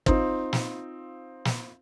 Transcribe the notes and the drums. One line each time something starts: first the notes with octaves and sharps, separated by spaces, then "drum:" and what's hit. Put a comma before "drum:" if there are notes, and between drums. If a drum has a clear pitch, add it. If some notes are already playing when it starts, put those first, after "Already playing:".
C4 D#4 F4, drum: kick
drum: snare
drum: snare